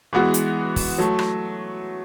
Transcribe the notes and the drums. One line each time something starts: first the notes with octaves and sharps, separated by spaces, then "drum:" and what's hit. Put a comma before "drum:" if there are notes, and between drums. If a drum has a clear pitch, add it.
E3 G#3 B3 F#4
drum: hi-hat
drum: kick, open hi-hat
F#3 A3
drum: rim click